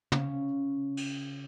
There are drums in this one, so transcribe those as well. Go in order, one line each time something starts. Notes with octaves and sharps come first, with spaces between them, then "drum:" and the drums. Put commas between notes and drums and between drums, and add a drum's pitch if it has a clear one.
C#3 C#4, drum: tom
drum: cymbal